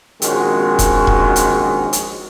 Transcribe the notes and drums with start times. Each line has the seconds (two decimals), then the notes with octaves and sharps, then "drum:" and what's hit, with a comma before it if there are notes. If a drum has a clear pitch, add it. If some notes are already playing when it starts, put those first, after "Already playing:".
0.22 A#1 D#3 G#3 C4 C#4 F#4, drum: hi-hat
0.79 drum: kick E1, hi-hat
1.07 drum: kick E1
1.36 drum: hi-hat
1.93 drum: hi-hat